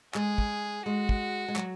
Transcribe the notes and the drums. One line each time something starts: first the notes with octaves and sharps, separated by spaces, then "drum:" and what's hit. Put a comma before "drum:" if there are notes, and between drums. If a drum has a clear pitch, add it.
G#3 G#4, drum: clap
drum: kick
G#3 F#4
drum: kick
G#3
F#3, drum: clap